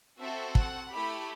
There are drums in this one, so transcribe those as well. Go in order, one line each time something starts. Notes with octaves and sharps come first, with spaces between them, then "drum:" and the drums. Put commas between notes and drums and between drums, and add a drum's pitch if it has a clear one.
C4 F#4 A4 E5
F#5, drum: kick
A3 E4 G4 B5